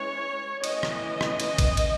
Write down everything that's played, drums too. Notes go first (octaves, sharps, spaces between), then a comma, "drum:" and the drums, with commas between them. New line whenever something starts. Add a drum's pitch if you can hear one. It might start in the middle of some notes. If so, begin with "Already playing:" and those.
Already playing: E3 G#3 C#4 C#5
E3 A3 C#4 D#5, drum: cymbal
drum: rim click
drum: rim click
drum: cymbal
drum: kick A1, cymbal
drum: cymbal